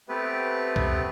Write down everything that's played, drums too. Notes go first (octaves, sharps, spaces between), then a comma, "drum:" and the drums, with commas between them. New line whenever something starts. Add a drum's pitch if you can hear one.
A3 B3 C4 G4 B4
drum: kick C2